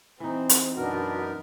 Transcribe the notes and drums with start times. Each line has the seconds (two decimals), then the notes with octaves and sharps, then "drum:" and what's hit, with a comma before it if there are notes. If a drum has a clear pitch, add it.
0.20 E3 C4 D#4
0.49 drum: hi-hat
0.77 F#2 B2 D4 D#4 F#4 A#4 B4